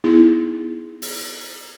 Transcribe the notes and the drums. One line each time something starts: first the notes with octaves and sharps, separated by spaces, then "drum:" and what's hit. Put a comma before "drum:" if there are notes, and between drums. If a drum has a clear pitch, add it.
B3 D#4 E4 G#4
drum: open hi-hat